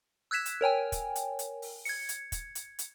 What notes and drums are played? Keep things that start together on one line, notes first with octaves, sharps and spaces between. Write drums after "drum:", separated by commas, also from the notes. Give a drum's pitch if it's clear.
E6 F#6 G#6 B6 E7
drum: hi-hat
A#4 C#5 G5 G#5
drum: kick, hi-hat
drum: hi-hat
drum: hi-hat
drum: open hi-hat
G#6 C#7, drum: open hi-hat
drum: hi-hat
drum: kick, hi-hat
drum: hi-hat
drum: hi-hat